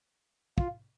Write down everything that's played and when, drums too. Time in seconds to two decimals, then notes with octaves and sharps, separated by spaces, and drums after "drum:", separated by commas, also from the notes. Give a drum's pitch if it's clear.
0.58 F4, drum: kick